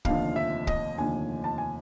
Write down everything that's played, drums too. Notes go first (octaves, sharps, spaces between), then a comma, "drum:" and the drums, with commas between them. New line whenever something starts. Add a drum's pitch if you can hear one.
F1 D#2 D3 F3 F5, drum: kick
E5
D#5, drum: kick
F1 D#2 D3 F3 G#5
A5
G#5